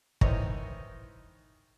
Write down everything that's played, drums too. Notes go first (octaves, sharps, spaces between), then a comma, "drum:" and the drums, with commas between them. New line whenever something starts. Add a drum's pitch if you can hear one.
D#3 E3 D#4 E4 C5 C#5, drum: kick